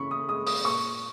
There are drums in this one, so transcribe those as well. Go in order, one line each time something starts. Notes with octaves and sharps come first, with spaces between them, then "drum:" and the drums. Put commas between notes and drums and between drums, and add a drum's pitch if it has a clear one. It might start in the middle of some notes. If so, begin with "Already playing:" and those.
Already playing: C#3 E3 B5 C#6
D#6
G#3 D#6
D#6, drum: open hi-hat
A#2 C#6